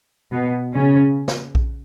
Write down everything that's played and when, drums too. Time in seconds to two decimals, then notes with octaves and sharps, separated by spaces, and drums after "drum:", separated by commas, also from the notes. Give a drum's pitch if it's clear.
0.33 B2 B3
0.73 C#3 C#4
1.28 drum: snare
1.55 drum: kick A#1